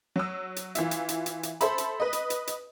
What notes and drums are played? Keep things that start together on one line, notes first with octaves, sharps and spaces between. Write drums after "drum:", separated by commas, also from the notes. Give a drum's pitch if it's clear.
F#3 E6
drum: hi-hat
E3 F4 E5, drum: hi-hat
drum: hi-hat
drum: hi-hat
drum: hi-hat
drum: hi-hat
A4 C5 E5 B5, drum: hi-hat
drum: hi-hat
B4 D#5
drum: hi-hat
drum: hi-hat
drum: hi-hat